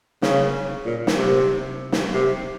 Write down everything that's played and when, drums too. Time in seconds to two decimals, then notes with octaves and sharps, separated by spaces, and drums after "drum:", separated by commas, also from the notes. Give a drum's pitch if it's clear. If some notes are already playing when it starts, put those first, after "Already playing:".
0.22 C#3, drum: snare
0.86 A#2
1.07 drum: snare
1.18 C3
1.92 drum: snare
2.13 C3